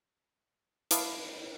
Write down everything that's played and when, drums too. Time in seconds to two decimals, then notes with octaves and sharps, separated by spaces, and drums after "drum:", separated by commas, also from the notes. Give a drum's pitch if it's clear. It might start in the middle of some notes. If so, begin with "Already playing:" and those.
0.91 E4 B4 F5 A5 D6 D#6, drum: hi-hat